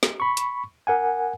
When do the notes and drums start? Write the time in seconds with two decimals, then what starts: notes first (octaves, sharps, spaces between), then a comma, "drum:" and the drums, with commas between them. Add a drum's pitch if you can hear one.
0.03 drum: snare
0.20 B5 C#6
0.37 drum: hi-hat
0.87 A#4 F#5 G#5